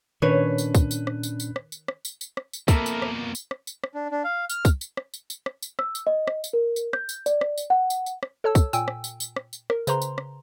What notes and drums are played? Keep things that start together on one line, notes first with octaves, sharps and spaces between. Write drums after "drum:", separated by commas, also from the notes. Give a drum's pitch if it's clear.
A#2 D#3 C#4 D4 B4 C#5
drum: tambourine
drum: kick, tambourine
drum: tambourine
drum: rim click
drum: tambourine
drum: tambourine
drum: rim click
drum: tambourine
drum: rim click
drum: tambourine
drum: tambourine
drum: rim click
drum: tambourine
F2 B2 A#3 A4 A#4 E5 B5, drum: kick, tambourine
drum: tambourine
drum: rim click
drum: tambourine
drum: rim click
drum: tambourine
drum: rim click
D4
D4
F5
F6, drum: tambourine
drum: kick, tambourine
drum: tambourine
drum: rim click
drum: tambourine
drum: tambourine
drum: rim click
drum: tambourine
E6, drum: rim click
drum: tambourine
D#5
drum: rim click
drum: tambourine
A#4
drum: tambourine
G6, drum: rim click
drum: tambourine
D5, drum: tambourine
drum: rim click
drum: tambourine
F#5
drum: tambourine
drum: tambourine
drum: rim click
A4 C#5 A5 E6
drum: kick, tambourine
A#2 G5 G#5 E6, drum: tambourine
drum: rim click
drum: tambourine
drum: tambourine
drum: rim click
drum: tambourine
A#4, drum: rim click
C#3 B4 C5 A#5 C6, drum: tambourine
drum: tambourine
drum: rim click